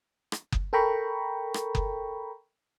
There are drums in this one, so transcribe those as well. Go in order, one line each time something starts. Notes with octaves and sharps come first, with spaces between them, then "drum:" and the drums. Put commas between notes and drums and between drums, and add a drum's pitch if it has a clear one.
drum: rim click
drum: kick F#1
A4 A#4 G5 A#5 B5 C#6
drum: rim click
drum: kick F#1